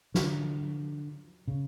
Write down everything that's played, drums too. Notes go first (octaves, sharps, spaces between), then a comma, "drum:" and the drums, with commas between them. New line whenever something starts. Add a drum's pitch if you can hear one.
D3, drum: snare
C#3